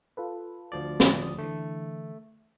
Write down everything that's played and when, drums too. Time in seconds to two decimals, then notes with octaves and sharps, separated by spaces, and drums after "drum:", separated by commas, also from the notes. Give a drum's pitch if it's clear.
0.17 F4 A4 B4
0.72 D2 F3 D5
1.00 D#6, drum: snare
1.38 D3 E3 A3